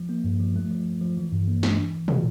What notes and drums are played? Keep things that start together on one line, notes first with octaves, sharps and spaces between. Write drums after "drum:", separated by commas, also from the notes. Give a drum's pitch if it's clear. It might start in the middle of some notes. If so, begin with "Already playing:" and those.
Already playing: F3
A#3
G2
F3
A3
F3
F3
F3
E3
G2
A#3
D4, drum: snare
E3
E3
E3, drum: tom